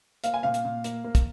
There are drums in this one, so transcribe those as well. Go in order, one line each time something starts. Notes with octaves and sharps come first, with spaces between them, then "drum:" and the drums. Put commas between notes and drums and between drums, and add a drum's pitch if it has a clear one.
A#3 F5, drum: hi-hat
G#5
A#2 F5
drum: hi-hat
A#2
A#3, drum: hi-hat
A#3
drum: kick, hi-hat